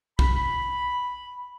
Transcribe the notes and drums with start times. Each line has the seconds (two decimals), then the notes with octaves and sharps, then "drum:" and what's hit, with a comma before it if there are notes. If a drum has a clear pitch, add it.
0.19 B5, drum: kick